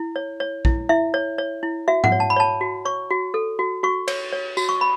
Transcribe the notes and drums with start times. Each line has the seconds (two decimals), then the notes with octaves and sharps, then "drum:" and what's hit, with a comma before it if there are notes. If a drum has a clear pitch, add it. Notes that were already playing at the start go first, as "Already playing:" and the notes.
Already playing: E4
0.16 C#5
0.40 C#5
0.65 E4, drum: kick A#1
0.89 E4 E5
1.14 C#5
1.38 C#5
1.63 E4
1.88 F#4 E5
2.04 F#5, drum: tom G#2
2.12 C#5
2.20 A5
2.30 B5
2.36 C#5 A5
2.61 F#4
2.85 C#5 C#6
3.10 F#4
3.34 A4
3.59 F#4
3.83 F#4 C#6
4.08 C#5, drum: cymbal
4.33 C#5
4.57 F#4, drum: tambourine
4.69 C#6
4.81 B5